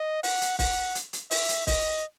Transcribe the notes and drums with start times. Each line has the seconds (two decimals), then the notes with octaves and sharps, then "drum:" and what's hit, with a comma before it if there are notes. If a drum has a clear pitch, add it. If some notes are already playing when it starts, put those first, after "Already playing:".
Already playing: D#5
0.23 F#5, drum: open hi-hat
0.41 drum: hi-hat
0.59 F#5, drum: kick, open hi-hat
0.95 drum: hi-hat
1.13 drum: hi-hat
1.31 E5, drum: open hi-hat
1.49 drum: hi-hat
1.67 D#5, drum: kick, open hi-hat